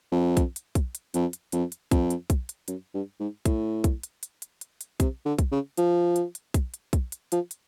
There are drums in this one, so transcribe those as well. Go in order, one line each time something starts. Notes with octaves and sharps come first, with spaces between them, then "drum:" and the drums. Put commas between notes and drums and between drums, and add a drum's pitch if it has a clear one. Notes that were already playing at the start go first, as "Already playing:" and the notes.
F2
drum: kick, hi-hat
drum: hi-hat
drum: kick, hi-hat
drum: hi-hat
F2, drum: hi-hat
drum: hi-hat
F2, drum: hi-hat
drum: hi-hat
F2, drum: kick, hi-hat
drum: hi-hat
drum: kick, hi-hat
drum: hi-hat
F#2, drum: hi-hat
G2
G#2
A2, drum: kick, hi-hat
drum: kick, hi-hat
drum: hi-hat
drum: hi-hat
drum: hi-hat
drum: hi-hat
drum: hi-hat
C3, drum: kick, hi-hat
D3
drum: kick, hi-hat
C#3
F3, drum: hi-hat
drum: hi-hat
drum: hi-hat
drum: kick, hi-hat
drum: hi-hat
drum: kick, hi-hat
drum: hi-hat
F3, drum: hi-hat
drum: hi-hat